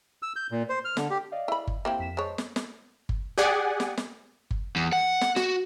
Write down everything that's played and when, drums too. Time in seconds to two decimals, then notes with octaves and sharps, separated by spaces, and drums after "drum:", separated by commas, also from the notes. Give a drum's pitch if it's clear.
0.22 E6
0.36 G6
0.51 A#2
0.69 C5
0.85 F6
0.97 D3, drum: snare
1.10 G4
1.32 D5 D#5 F5
1.48 E4 B5
1.67 drum: kick G1
1.85 A#3 C4 E4 G4 G5
1.99 F2 B6 E7
2.17 G#3 C5 C#5 D#5 A5
2.38 drum: snare
2.56 drum: snare
3.09 drum: kick G1
3.38 G4 G#4 D5 F#5 G#5
3.80 drum: snare
3.97 drum: snare
4.51 drum: kick G1
4.76 E2
4.93 F#5
5.21 drum: snare
5.36 F#4, drum: snare